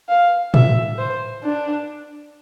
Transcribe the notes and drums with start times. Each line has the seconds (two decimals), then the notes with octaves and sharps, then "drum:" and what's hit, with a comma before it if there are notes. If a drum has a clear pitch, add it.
0.09 F5
0.54 E5, drum: tom A2
0.98 C5
1.44 D4